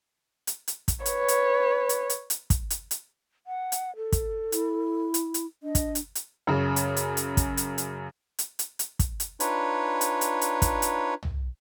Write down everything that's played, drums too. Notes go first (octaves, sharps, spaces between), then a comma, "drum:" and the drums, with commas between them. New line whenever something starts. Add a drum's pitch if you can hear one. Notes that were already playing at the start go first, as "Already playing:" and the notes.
drum: hi-hat
drum: hi-hat
drum: kick, hi-hat
B4 C#5, drum: hi-hat
drum: hi-hat
drum: hi-hat
drum: hi-hat
drum: hi-hat
drum: kick, hi-hat
drum: hi-hat
drum: hi-hat
F#5
drum: hi-hat
A4
drum: kick, hi-hat
E4, drum: hi-hat
drum: hi-hat
drum: hi-hat
D4 D#5
drum: kick, hi-hat
drum: hi-hat
drum: hi-hat
F#2 C#3
drum: hi-hat
drum: hi-hat
drum: hi-hat
drum: kick, hi-hat
drum: hi-hat
drum: hi-hat
drum: hi-hat
drum: hi-hat
drum: hi-hat
drum: kick, hi-hat
drum: hi-hat
D4 D#4 F4 B4 C#5, drum: hi-hat
drum: hi-hat
drum: hi-hat
drum: hi-hat
drum: kick, hi-hat
drum: hi-hat
drum: tom C2